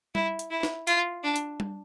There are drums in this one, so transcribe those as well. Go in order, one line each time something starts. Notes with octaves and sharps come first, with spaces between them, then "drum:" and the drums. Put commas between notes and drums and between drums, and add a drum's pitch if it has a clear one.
E4, drum: tom G3
drum: hi-hat
E4
drum: snare
F4, drum: hi-hat
D4
drum: hi-hat
drum: tom G3